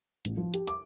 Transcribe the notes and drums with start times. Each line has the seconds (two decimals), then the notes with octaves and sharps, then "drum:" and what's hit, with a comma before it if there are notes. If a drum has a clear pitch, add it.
0.25 A1, drum: hi-hat
0.37 F3
0.54 G4, drum: hi-hat
0.67 D6, drum: hi-hat